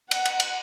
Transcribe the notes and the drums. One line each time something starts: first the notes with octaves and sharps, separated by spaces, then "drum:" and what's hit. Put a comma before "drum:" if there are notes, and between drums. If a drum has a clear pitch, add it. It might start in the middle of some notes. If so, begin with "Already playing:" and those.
F#5, drum: cymbal
drum: cymbal
drum: cymbal